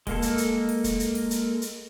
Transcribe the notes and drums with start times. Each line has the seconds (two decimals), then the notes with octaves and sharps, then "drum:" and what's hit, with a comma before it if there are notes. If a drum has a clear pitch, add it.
0.07 G#3 A#3 A4, drum: kick E1, open hi-hat
0.22 drum: hi-hat
0.38 drum: hi-hat
0.69 drum: open hi-hat
0.84 drum: kick E1, hi-hat
1.00 drum: hi-hat
1.15 drum: open hi-hat
1.31 drum: hi-hat
1.62 drum: hi-hat